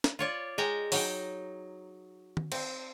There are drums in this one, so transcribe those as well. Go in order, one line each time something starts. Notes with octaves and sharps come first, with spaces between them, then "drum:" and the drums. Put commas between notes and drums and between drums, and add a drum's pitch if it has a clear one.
drum: snare
F4 C#5 D5
G#3 G5 G#5 A#5
F#3 D#4 G5, drum: open hi-hat
drum: tom D#3
C4, drum: cymbal